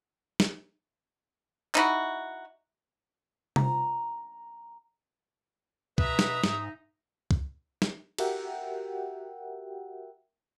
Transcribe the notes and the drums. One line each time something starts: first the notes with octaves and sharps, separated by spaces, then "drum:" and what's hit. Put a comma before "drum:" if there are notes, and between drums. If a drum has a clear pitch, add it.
drum: snare
D#4 E4 F#4, drum: clap
A#5, drum: tom C3
B2 B4 E5 A#5 D#6, drum: kick
drum: snare
G#2 D#4, drum: snare
drum: kick
drum: snare
F#4 G4 A#4 E5 F#5 G5, drum: cymbal